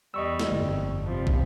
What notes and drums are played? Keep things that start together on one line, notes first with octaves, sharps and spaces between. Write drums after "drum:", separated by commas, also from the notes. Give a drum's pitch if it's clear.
E2 G3 D#5 C#6 E6
drum: snare
G1 F2
C3 F3 G3
drum: kick